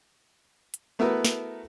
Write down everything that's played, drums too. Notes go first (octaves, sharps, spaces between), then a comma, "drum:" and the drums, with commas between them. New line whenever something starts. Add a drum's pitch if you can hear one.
drum: hi-hat
A3 B3 E4 F#4 A#4 B4
drum: snare